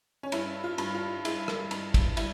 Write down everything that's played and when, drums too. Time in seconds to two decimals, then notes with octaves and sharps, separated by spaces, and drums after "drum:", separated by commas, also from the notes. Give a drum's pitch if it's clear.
0.23 C#4
0.32 G2 E4, drum: cymbal
0.64 F4
0.78 G2, drum: cymbal
0.94 F4
1.25 G#3 E4, drum: cymbal
1.48 drum: rim click
1.71 G2, drum: cymbal
1.94 drum: kick, cymbal
2.17 G3 E4, drum: cymbal